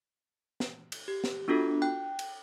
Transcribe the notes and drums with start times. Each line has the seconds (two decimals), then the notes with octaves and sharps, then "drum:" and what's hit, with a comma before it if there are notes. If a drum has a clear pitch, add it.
0.60 drum: snare
0.92 drum: cymbal
1.08 G4
1.24 drum: snare
1.48 B3 D4 F4 F#4 A4
1.82 G5 F#6
2.19 drum: cymbal